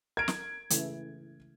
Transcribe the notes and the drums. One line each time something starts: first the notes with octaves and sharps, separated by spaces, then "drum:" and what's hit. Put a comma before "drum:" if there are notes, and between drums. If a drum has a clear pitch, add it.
A#4 G#6 D7
drum: snare
C#3 E3 A3, drum: hi-hat